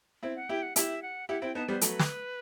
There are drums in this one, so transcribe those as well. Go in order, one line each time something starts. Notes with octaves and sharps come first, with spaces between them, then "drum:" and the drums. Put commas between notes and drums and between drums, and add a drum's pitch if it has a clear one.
C4 E4
F#5
E4 G4 G5
F#5
E4 G4 E5, drum: hi-hat
F#5
E4 G4 F#5
C4 E4 G5
B3 D#4 A5
G3 B3 C5
F#3 A3 B4, drum: hi-hat
drum: snare